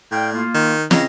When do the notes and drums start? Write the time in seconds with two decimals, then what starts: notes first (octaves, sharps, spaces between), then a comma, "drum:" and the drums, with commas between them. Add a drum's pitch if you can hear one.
0.12 A2 D5 F5 G5
0.32 A#3 F4
0.54 D#3
0.91 C#3 C4 D#5, drum: snare